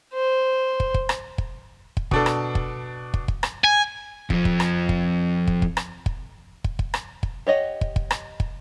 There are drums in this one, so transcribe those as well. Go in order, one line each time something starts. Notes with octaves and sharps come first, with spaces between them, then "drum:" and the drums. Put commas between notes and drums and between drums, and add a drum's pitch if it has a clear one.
C5
drum: kick
drum: kick
drum: rim click
drum: kick
drum: kick
B2 D4 A4, drum: kick
drum: rim click
drum: kick
drum: kick
drum: kick
drum: rim click
G#5
F2 F3, drum: kick
drum: kick
drum: rim click
drum: kick
drum: kick
drum: kick
drum: rim click
drum: kick
drum: kick
drum: kick
drum: rim click
drum: kick
G4 C#5 D#5 F#5
drum: kick
drum: kick
drum: rim click
drum: kick